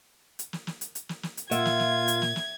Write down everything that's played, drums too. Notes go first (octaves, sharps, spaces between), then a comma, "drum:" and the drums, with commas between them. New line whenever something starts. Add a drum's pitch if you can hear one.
drum: hi-hat
drum: snare
drum: snare
drum: hi-hat
drum: hi-hat
drum: snare
drum: snare
drum: hi-hat
A#2 F4 E5 F#5 G#6, drum: hi-hat
drum: snare
drum: snare
drum: hi-hat
drum: snare
drum: snare